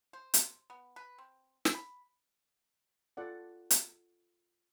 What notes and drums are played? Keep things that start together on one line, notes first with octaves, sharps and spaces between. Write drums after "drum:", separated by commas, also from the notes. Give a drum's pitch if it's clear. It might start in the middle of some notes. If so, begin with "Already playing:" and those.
C5
drum: hi-hat
B3
B4
C4
drum: snare
B5
F4 A4 D5 F#5
drum: hi-hat